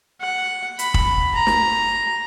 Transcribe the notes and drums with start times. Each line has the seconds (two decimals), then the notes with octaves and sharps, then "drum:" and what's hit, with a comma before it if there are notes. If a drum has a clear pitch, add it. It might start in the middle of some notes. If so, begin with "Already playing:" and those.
0.21 F#5
0.79 B5, drum: hi-hat
0.94 drum: kick
1.35 A#5
1.47 drum: snare